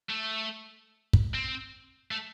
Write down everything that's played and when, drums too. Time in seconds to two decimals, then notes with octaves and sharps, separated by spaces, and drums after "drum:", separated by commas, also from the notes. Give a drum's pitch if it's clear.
0.10 A3
1.13 drum: kick
1.34 C4
2.11 A3